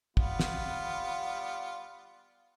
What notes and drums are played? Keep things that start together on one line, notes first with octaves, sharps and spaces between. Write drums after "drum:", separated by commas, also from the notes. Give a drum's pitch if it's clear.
G3 B3 F4, drum: kick
drum: snare